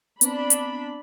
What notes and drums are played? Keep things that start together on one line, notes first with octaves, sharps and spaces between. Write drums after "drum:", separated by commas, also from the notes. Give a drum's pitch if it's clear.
B3 C4 D4 A#5 B5, drum: hi-hat
drum: hi-hat